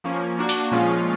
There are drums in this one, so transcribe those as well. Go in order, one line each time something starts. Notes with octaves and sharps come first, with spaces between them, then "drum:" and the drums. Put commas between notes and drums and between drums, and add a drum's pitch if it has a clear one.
F3 A#3 C#4
A#3 D4 F#4
drum: open hi-hat
A#2 F3 G#3 C#4 F4